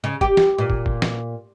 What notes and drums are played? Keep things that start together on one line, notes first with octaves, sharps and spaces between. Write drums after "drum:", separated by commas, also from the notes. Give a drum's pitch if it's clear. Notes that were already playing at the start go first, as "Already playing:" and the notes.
C#3
G4, drum: kick
drum: snare
A#2
drum: kick
drum: kick
drum: snare